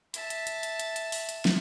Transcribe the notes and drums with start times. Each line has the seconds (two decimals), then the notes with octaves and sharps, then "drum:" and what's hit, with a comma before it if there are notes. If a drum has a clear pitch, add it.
0.14 E5 A5, drum: hi-hat
0.30 drum: hi-hat
0.47 drum: hi-hat
0.63 drum: hi-hat
0.80 drum: hi-hat
0.96 drum: hi-hat
1.12 drum: open hi-hat
1.29 drum: hi-hat
1.45 drum: snare